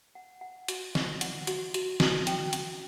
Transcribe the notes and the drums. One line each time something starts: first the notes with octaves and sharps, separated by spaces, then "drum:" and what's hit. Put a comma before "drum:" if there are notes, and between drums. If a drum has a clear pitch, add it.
F#5
F#5
F#4, drum: hi-hat
D5, drum: snare
F#5, drum: hi-hat
F#4, drum: hi-hat
F#4, drum: hi-hat
F#4, drum: snare
G5, drum: hi-hat
C#4, drum: hi-hat